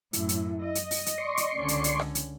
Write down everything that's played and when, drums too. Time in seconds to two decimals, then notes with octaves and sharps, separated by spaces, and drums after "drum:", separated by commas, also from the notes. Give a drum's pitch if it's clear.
0.13 F#2 A2 E4, drum: hi-hat
0.29 drum: hi-hat
0.63 D#5
0.75 drum: hi-hat
0.91 drum: open hi-hat
1.06 drum: hi-hat
1.18 D5 C6 C#6
1.37 drum: hi-hat
1.58 C#2 D3 C#4
1.68 drum: hi-hat
1.84 drum: hi-hat
1.99 drum: rim click
2.15 drum: hi-hat